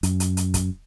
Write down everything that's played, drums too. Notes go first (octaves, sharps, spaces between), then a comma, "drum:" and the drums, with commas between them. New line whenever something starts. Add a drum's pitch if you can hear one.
F#2, drum: hi-hat
drum: hi-hat
drum: hi-hat
drum: kick, hi-hat